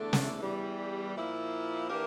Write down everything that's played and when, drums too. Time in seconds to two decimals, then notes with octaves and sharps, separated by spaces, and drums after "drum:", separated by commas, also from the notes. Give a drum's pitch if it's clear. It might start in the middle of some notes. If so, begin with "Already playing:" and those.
Already playing: E2 D3 A3 D4
0.13 drum: snare
0.40 E2 E3 G3
1.14 A#2 F3 A#3 E4
1.89 E3 A#3 D4 G4 A#4